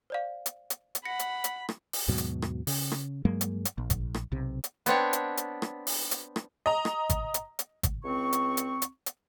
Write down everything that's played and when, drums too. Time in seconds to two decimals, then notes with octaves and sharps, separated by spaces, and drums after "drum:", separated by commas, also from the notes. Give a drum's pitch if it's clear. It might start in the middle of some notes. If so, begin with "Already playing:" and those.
0.10 C5 D5 F5
0.46 drum: hi-hat
0.70 drum: hi-hat
0.95 drum: hi-hat
1.05 F#5 B5 A#6 C#7
1.19 drum: hi-hat
1.44 drum: hi-hat
1.69 drum: rim click
1.93 drum: open hi-hat
2.08 D#2 G#2 B2 F#3
2.18 drum: hi-hat
2.42 drum: rim click
2.67 C#3, drum: open hi-hat
2.92 drum: rim click
3.25 G2 F#3 G#3 A#3
3.41 drum: hi-hat
3.65 drum: hi-hat
3.78 A#1
3.90 drum: kick, hi-hat
4.14 drum: rim click
4.32 B1 C3
4.64 drum: hi-hat
4.86 B3 C4 D4 C#5, drum: hi-hat
5.13 drum: hi-hat
5.37 drum: hi-hat
5.62 drum: rim click
5.87 drum: open hi-hat
6.11 drum: hi-hat
6.36 drum: rim click
6.66 D#5 A#5
6.85 drum: rim click
7.10 drum: kick, hi-hat
7.34 drum: hi-hat
7.59 drum: hi-hat
7.83 drum: kick, hi-hat
8.04 C#2 C4 C#6
8.33 drum: hi-hat
8.57 drum: hi-hat
8.82 drum: hi-hat
9.06 drum: hi-hat